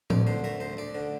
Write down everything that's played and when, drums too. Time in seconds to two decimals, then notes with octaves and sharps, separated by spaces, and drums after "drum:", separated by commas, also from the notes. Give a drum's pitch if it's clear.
0.10 D2 D5, drum: tom
0.27 D3 C5
0.44 A3 A#4
0.60 D2 C5
0.77 D2 D5
0.94 D3